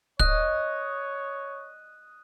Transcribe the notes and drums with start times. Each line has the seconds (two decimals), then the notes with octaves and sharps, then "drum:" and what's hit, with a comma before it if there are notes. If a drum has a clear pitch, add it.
0.20 C#5 D#5 F#6, drum: kick